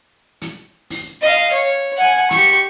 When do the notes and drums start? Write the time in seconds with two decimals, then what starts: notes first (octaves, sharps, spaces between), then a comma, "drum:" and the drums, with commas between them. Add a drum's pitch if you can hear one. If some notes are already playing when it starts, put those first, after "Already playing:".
0.41 drum: hi-hat
0.90 drum: open hi-hat
1.22 D#5 F5
1.53 C#5
1.97 F#5 G#5
2.30 G4 C#6, drum: hi-hat